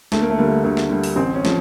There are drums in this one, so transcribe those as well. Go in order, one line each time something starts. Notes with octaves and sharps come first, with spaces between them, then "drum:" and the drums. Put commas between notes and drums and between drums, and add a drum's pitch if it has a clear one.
D2 A3, drum: snare
A#3
A3
D3 G3 A#3
A3
D2 A3
drum: snare
D3 G3
drum: open hi-hat
A1 C4
C#4
F3, drum: snare